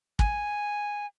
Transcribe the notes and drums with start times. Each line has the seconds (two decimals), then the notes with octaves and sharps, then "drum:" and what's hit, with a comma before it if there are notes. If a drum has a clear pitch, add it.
0.19 G#5, drum: kick